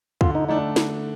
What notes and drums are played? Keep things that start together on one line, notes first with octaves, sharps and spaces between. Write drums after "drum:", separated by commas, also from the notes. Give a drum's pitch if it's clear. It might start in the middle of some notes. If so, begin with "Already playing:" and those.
D3 F4, drum: kick
D#4
A3 D4 D#4
drum: snare